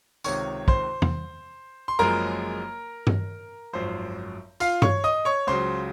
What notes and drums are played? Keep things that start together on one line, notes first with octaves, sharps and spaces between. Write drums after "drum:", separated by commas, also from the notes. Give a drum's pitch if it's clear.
C#2 C3 D#3 C#5 C#6, drum: tambourine
C5 C6, drum: kick
drum: tom E2
C6
F#1 F#2 F3 G#3 A#4 A#5
drum: tom G2
G#1 F#2 F3 C5
F4 F5, drum: tambourine
C#5 C#6, drum: tom G2
D#5 D#6
C#5 C#6
C#2 C#3 F#3 C5 C6